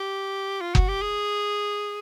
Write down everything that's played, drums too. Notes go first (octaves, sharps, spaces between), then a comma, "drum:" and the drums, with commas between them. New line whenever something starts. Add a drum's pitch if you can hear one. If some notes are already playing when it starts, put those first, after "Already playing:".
Already playing: G4
F4
F#4, drum: kick F#1
G4
G#4